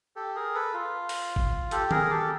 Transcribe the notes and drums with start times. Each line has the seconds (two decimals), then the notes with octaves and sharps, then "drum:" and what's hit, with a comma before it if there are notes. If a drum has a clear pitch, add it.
0.16 G4 A4
0.35 G#4 A#4
0.54 A4 B4
0.74 F4
1.09 drum: open hi-hat
1.36 drum: kick G#1
1.71 G4 A4, drum: hi-hat
1.91 G#4 A#4, drum: tom D#3
2.10 G4 A4